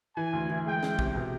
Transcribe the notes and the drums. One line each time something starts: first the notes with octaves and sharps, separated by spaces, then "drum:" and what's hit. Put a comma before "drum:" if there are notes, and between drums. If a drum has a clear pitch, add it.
E3 G#5
D2
E3
G#3 G5
G#3, drum: snare
C3, drum: kick
B2